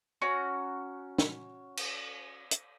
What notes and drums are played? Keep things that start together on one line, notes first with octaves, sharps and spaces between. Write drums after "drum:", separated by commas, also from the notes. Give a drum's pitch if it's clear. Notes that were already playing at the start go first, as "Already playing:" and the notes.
C#4 F#4 A#5
drum: snare
drum: cymbal
drum: hi-hat